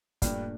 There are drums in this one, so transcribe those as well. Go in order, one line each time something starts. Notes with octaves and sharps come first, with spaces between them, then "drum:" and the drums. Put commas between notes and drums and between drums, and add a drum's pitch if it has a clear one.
G2 A#2 A3 D4, drum: kick, hi-hat